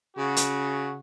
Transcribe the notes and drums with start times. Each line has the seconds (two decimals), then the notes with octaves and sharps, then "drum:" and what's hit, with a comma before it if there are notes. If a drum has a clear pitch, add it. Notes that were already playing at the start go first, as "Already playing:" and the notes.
0.16 C#3 F#4
0.37 drum: hi-hat